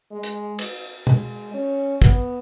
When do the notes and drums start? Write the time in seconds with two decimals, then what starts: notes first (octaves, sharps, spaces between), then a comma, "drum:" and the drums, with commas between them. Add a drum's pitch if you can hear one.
0.12 G#3
0.23 drum: hi-hat
0.59 drum: cymbal
1.07 G#3, drum: tom
1.54 C#4
2.02 B3, drum: kick